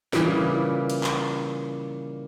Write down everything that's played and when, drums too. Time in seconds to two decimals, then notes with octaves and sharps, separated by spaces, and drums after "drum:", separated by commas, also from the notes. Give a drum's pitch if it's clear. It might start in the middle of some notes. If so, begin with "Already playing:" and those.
0.13 A#2 C#3 E3 G3, drum: snare
0.90 drum: cymbal
1.04 drum: clap